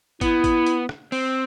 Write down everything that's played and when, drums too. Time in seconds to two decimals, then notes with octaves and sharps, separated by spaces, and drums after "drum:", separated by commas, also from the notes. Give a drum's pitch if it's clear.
0.21 B3 E4, drum: kick, hi-hat
0.44 drum: kick, hi-hat
0.67 drum: hi-hat
0.89 drum: rim click
1.12 C4, drum: open hi-hat